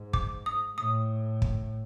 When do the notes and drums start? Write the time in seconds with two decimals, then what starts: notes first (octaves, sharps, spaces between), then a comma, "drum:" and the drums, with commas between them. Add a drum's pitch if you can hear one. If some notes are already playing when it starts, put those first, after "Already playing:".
Already playing: G#2
0.13 D6, drum: kick
0.46 D#6
0.78 A2 D#6
1.42 drum: kick